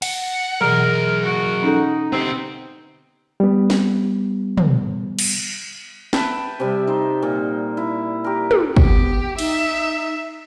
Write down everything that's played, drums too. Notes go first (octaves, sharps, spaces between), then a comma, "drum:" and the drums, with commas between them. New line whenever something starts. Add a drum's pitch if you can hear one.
F#5, drum: cymbal
B2 E3 F#3 G#4 A#4 A#5
F#4 A#4
C#4 D#4 A4
B3 C4 G4
G3 B3
drum: snare
drum: tom
drum: cymbal
B4 E5 G5 A5, drum: snare
C3 G3
D#4 C5
A#2
E4
G4 A#4
drum: tom
B3 G4, drum: kick
D#4 E5, drum: cymbal